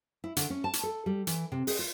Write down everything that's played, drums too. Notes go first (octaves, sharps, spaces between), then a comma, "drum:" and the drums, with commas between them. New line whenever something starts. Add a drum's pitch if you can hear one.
E4
D3, drum: hi-hat
C#4
A5
drum: hi-hat
A4
G3
E3, drum: hi-hat
C3
G#4, drum: open hi-hat
F4